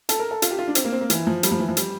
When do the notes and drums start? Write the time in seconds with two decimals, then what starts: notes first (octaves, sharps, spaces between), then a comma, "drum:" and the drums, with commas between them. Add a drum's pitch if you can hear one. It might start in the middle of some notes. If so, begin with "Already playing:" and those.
0.09 A4, drum: hi-hat
0.19 A#4
0.31 A4
0.42 F4, drum: hi-hat
0.51 G4
0.59 F4
0.68 D4
0.75 C4, drum: hi-hat
0.85 A#3
0.92 C4
1.01 A#3
1.10 E3, drum: hi-hat
1.27 F3
1.43 G3, drum: hi-hat
1.51 F3
1.59 E3
1.68 F3
1.77 G3, drum: hi-hat